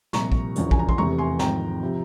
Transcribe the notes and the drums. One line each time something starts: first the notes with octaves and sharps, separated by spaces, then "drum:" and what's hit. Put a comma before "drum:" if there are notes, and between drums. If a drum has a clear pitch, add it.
C2 A#2 F3 A#5 C#6, drum: snare
drum: kick
E1 E2 C#3 F3, drum: hi-hat
G#5, drum: kick
A#5
C6, drum: kick
F1 E2 C3 E3 A#5 C#6
G#5 C6
G#1 G#2 F3 G5 A#5, drum: snare
C3 F3